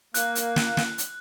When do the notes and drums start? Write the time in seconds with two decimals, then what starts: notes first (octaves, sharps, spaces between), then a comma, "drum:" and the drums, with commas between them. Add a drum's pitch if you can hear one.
0.14 A#3 F#6, drum: hi-hat
0.35 drum: hi-hat
0.56 drum: snare
0.77 drum: snare
0.98 drum: hi-hat